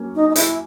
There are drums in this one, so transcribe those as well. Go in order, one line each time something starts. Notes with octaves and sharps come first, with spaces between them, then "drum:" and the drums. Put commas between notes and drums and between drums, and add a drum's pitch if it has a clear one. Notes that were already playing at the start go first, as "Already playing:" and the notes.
Already playing: F#3 A#3 C#4
D#4
D#4
E4, drum: hi-hat